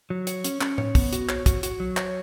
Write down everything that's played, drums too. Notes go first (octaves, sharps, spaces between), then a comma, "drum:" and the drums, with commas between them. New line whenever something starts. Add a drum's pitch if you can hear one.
F#3
C#5, drum: hi-hat
C#4, drum: hi-hat
C#4, drum: clap
C#5, drum: tom A2
B3, drum: kick, open hi-hat
F#4, drum: hi-hat
C#5, drum: clap
F#4, drum: kick, hi-hat
F#4, drum: hi-hat
F#3
C#5, drum: clap